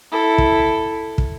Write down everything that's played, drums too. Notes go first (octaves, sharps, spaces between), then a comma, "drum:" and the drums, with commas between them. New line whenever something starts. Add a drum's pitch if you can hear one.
E4 A4
drum: kick
drum: kick